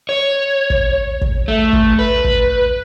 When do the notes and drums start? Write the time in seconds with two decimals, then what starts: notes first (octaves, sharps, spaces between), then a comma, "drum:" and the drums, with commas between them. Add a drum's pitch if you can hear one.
0.09 C#5
0.70 drum: kick
1.22 drum: kick
1.48 A3
1.73 drum: kick
1.99 B4
2.25 drum: kick